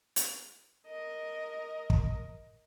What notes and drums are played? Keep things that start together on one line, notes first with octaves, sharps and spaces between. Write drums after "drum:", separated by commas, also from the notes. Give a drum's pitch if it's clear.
drum: hi-hat
A#4 D#5
drum: kick